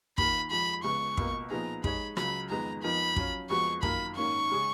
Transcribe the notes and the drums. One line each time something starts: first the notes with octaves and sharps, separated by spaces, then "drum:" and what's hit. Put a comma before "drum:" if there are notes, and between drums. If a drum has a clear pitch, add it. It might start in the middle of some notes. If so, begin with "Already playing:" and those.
D#2 D#3 A#3 F4 B5, drum: kick
F2 F3 G#3 B5
C#2 C#3 G#3 B3 C#6
C#2 B2 A#3, drum: kick
A#2 F3 B3 D#4 G#4 A#5
G#3 D#4 G#4 C#5 B5, drum: kick
C#2 C#3 F#3 B5, drum: rim click
F2 D#3 G#3 B3 A#5
F2 F3 B3 D#4 A#4 B5
F#3 C#4 F4, drum: kick
F2 F3 G#3 B3 F#4 C#6
F#2 D#3 A#3 F4 B5, drum: kick
G#2 D#3 A#3 C#4 C#6
C#3 G#3 C#4 G#4